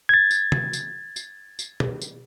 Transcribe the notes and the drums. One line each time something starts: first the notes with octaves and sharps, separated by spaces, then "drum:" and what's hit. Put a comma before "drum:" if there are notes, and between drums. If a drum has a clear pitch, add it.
G#6 A6
drum: tambourine
drum: tom C3
drum: tambourine
drum: tambourine
drum: tambourine
drum: tom
drum: tambourine